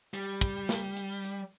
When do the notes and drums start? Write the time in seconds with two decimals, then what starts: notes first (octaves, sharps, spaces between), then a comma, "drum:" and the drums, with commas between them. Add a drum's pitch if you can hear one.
0.14 G3, drum: hi-hat
0.41 drum: kick, hi-hat
0.69 drum: snare
0.97 drum: hi-hat
1.24 drum: hi-hat